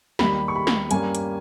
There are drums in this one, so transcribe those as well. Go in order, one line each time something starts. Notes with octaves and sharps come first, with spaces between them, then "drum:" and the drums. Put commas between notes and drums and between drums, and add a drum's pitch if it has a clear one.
D#2 D#3 G3 B5, drum: snare
C#6
B5
drum: snare
G2 G3 A#3 C#4 G#5, drum: hi-hat
drum: hi-hat